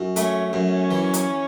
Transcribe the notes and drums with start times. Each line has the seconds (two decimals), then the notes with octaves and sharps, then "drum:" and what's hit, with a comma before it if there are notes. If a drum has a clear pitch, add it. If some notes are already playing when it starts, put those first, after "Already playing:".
Already playing: F#2
0.16 A3 C#4, drum: hi-hat
0.53 F#2 C#4
0.91 E3
1.14 drum: hi-hat